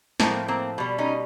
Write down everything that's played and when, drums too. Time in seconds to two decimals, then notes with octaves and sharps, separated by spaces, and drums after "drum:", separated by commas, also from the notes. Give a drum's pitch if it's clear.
0.20 A2 F3 A3 A#3 C4, drum: snare
0.48 A#3 C4
0.78 B2 G3
0.98 C#4 D#4